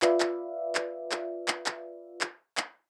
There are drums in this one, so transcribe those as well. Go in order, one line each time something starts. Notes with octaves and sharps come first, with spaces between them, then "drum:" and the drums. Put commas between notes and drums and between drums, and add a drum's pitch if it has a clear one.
F4 B4 D5 E5 F5, drum: clap
drum: clap
drum: clap
drum: clap
drum: clap
drum: clap
drum: clap
drum: clap